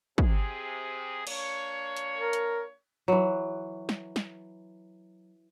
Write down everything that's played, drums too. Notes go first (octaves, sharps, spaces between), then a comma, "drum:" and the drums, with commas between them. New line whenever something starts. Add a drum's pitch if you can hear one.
C3 G#4, drum: kick
A#3 D4 C#5, drum: cymbal
drum: hi-hat
A#4
drum: hi-hat
E3 F#3
drum: snare
drum: snare